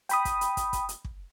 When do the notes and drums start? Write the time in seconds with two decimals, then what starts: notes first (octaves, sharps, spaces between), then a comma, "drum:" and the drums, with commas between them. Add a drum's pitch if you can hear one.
0.09 G5 B5 D#6, drum: hi-hat
0.25 drum: kick, hi-hat
0.41 drum: hi-hat
0.57 drum: kick, hi-hat
0.73 drum: kick, hi-hat
0.89 drum: hi-hat
1.05 drum: kick